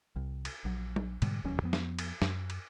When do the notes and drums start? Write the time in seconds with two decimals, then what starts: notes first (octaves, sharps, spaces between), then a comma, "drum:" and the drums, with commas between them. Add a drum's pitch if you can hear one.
0.16 C2
0.45 drum: cymbal
0.65 A#1 F#3
0.96 drum: tom F#3
1.22 G#2 B2 D3 G3, drum: cymbal
1.44 E1 D#2 F#3 C#4
1.62 F2 F3 B3
1.73 drum: snare
1.99 drum: cymbal
2.22 F#2, drum: snare
2.50 drum: cymbal